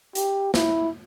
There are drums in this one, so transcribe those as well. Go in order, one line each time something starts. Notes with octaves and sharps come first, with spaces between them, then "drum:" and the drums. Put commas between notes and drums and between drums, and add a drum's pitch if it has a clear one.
G4, drum: hi-hat
E4, drum: snare